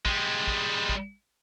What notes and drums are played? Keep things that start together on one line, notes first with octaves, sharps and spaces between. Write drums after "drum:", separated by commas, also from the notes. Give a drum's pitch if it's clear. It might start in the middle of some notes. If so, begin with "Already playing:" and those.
G3 G#3, drum: kick
drum: kick
drum: kick